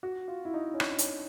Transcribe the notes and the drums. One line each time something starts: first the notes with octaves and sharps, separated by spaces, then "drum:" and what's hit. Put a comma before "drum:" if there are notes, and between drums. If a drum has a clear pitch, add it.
F#4
F4
E4
D#4
C#4
D4, drum: rim click
C#4, drum: hi-hat